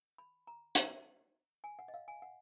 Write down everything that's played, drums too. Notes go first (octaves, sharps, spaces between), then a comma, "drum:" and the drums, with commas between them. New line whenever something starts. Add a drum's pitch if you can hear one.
B5
A#5
drum: hi-hat
G#5
F#5
D#5
F5
G#5
F#5